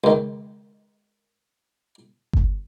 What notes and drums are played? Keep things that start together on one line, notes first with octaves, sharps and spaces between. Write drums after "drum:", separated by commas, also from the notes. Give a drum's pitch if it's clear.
C#2 D#3
drum: kick G1